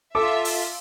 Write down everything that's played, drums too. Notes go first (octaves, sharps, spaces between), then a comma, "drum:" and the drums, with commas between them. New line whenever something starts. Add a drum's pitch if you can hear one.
F4 A4 E5 D6
drum: open hi-hat